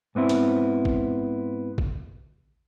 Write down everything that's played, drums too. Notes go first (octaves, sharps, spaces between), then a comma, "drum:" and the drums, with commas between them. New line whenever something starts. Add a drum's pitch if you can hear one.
G#2 B3 C4 E4
drum: hi-hat
drum: kick
drum: kick